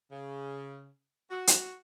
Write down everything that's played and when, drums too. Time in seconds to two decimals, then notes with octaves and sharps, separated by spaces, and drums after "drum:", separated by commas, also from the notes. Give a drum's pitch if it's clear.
0.12 C#3
1.31 F#4
1.47 drum: hi-hat